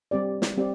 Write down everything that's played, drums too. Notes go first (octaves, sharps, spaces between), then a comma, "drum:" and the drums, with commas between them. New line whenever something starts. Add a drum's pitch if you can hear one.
G3 C4 G4 D5
drum: snare
G3 C4 G4 D5